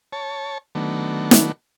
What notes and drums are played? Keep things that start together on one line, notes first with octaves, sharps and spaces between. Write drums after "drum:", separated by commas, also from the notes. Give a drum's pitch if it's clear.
C#5 A5
D#3 F#3 A3 B3 D4
drum: snare